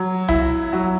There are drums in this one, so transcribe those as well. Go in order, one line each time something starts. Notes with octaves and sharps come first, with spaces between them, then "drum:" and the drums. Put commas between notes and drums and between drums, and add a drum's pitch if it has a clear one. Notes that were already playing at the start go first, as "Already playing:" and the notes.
Already playing: F#3
E4, drum: tom C2
F#3